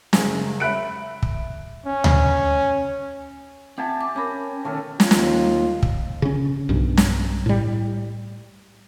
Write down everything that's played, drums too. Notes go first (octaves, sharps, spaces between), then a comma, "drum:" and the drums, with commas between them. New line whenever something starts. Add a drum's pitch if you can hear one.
F#1 G#3, drum: snare
E5 B5 F#6 D7
drum: kick
C#4
drum: tom D2
C4 G4 E5 F#5 G#5 A5
D6
C#4 A#4 B5 D6
B2 D#3 A3 C#4 A4
D#2 F4, drum: snare
drum: snare
drum: kick
C#3 C#4
B1 G2
drum: snare
A2 G3